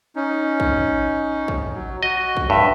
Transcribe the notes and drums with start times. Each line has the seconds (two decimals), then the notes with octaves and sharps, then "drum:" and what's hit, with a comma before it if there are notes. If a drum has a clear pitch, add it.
0.16 C#4 D#4
0.60 drum: kick
1.48 drum: kick
1.74 F#3
2.03 F#4 D#5
2.37 drum: kick
2.50 G2 E5